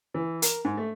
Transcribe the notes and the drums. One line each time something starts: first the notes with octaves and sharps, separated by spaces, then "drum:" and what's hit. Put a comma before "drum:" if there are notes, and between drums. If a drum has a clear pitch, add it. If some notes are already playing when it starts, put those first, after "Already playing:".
E3
A#4, drum: hi-hat
G#2
A3